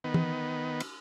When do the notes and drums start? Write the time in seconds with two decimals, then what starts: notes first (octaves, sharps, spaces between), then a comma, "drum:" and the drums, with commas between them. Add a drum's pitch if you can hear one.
0.04 D#3 B3
0.14 drum: tom E3
0.80 drum: cymbal